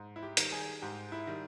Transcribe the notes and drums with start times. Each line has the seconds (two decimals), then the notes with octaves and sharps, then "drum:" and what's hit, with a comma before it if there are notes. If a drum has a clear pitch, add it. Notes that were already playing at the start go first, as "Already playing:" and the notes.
Already playing: G#2
0.16 E4
0.23 G4
0.37 D#3 G3, drum: hi-hat
0.52 G#4
0.82 G#2 G4
1.12 E4
1.27 D#3 G3